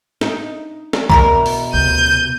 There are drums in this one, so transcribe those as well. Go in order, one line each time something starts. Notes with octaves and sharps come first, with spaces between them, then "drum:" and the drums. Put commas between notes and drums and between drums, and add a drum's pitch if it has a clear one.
D#4, drum: snare
drum: snare
E2 B2 A#4 A#5, drum: kick B1
drum: open hi-hat
D2 C3 G6 D#7